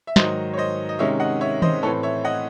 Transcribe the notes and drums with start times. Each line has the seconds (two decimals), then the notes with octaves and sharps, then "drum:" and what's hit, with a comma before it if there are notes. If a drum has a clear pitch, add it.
0.07 E5
0.16 G#2 D#3 F#3 C5 D#5, drum: snare
0.53 C#5
0.57 C5 D#5
0.89 D#5
0.99 C3 D#3 G#3 C#4 C#5 E5
1.20 D#5 F#5
1.41 C#5 E5
1.62 C5 D#5, drum: tom D#3
1.83 A2 E3 C4 A4 C#5
2.03 C#5 E5
2.25 D#5 F#5